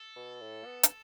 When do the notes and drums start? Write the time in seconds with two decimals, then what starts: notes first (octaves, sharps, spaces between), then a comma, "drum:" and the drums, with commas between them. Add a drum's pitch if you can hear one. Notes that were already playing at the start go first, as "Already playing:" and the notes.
Already playing: A4
0.16 B2
0.41 A2
0.65 B3
0.83 drum: hi-hat